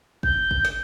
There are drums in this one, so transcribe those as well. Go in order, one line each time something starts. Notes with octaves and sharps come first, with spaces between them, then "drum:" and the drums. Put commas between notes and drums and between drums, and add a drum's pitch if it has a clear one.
G6, drum: kick
drum: kick
drum: snare